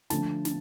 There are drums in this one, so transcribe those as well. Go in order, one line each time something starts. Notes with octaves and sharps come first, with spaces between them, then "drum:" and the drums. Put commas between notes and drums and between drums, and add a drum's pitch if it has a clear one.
D3 F3 A3 A5, drum: snare
drum: snare